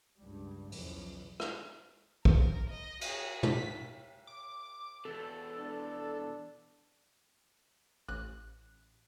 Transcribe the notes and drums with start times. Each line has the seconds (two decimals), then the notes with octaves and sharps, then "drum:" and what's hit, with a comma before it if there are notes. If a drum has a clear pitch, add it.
0.18 C#2 G2 G3
0.72 B1 E2 C#3 E3 F3, drum: open hi-hat
1.40 drum: rim click
2.25 A#4, drum: kick
2.69 D#5
3.01 F#4 G#4, drum: cymbal
3.43 B6, drum: tom
4.27 D6
5.05 E2 B2 A4
5.57 D4
8.09 A1 F#6